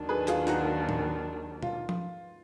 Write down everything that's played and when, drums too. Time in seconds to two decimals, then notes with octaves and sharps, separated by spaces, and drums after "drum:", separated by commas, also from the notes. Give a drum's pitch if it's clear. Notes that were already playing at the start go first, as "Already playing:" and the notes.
Already playing: D#2 D#3 F#3 D4
0.09 G#4 B4
0.28 F4 G#4, drum: clap
0.47 D#4 F#4, drum: snare
0.89 drum: tom
1.63 F4, drum: tom B2
1.89 drum: tom F3